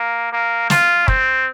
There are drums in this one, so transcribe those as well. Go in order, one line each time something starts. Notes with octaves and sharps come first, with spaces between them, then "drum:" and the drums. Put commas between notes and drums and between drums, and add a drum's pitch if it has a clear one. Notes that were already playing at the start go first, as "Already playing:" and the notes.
Already playing: A#3
A#3
F4, drum: snare
C4, drum: kick